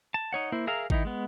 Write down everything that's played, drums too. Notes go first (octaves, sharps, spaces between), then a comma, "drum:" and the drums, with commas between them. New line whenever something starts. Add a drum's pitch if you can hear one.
A5
D#4 C#5 F#5
A#3 E4 C5
G#4 A#4 E5 F5 A#5
D#3 D#4 E4, drum: kick G#1
G#3 B3